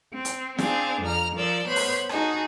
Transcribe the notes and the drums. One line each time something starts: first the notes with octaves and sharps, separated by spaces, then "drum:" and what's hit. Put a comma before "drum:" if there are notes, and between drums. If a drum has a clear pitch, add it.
C4
drum: hi-hat
C4 D4 G#4 F5, drum: snare
F2 A#5 F6
F3 A#4 D5 E6 G6
B3 C5 C#5 B5 F#6
drum: open hi-hat
D#4 F#4 G#4 A5, drum: rim click